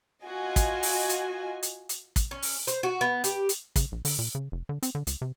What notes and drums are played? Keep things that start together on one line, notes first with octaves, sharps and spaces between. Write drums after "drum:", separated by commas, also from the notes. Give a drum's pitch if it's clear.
F4 F#4 D#5 G#5
drum: kick, hi-hat
drum: open hi-hat
drum: hi-hat
drum: hi-hat
drum: hi-hat
drum: kick, hi-hat
C#4
drum: open hi-hat
C5, drum: hi-hat
F#4
B3
G4, drum: hi-hat
drum: hi-hat
C#3, drum: kick, hi-hat
A#1
D3, drum: open hi-hat
A#2
C#3
F1
D3
C4, drum: hi-hat
D3
C#2, drum: hi-hat
C3